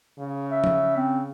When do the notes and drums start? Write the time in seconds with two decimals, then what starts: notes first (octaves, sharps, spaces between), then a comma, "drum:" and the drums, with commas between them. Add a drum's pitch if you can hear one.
0.19 C#3
0.51 E5
0.64 drum: tom F3
0.96 C4